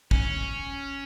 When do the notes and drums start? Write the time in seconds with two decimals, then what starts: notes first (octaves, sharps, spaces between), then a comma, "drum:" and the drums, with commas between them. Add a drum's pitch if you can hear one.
0.11 C#4, drum: kick